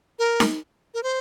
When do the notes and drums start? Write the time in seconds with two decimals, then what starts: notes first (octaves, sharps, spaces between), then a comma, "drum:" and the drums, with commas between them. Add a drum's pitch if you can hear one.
0.19 A#4
0.40 drum: snare D#4
0.94 A#4
1.03 C5